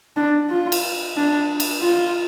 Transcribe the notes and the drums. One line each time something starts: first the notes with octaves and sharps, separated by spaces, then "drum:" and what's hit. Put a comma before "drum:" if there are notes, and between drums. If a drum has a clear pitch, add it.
D4
F4
drum: cymbal
D4
drum: cymbal
F4